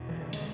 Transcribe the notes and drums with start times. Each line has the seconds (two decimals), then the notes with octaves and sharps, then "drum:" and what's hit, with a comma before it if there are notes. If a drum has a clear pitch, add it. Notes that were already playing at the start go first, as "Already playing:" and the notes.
Already playing: E2 B2
0.09 E3
0.21 D3
0.33 G#3, drum: hi-hat